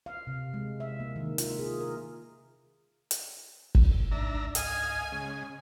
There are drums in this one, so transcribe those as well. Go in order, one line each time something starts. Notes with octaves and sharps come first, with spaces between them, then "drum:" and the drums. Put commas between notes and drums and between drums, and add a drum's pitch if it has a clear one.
F5
C3
G#3
E5
A#3
D#3
F4, drum: hi-hat
G#4
A#4
drum: hi-hat
drum: kick
C#2 G#2 D4 E5 A#5
D#5 F5 G#5, drum: hi-hat
C#3 G#3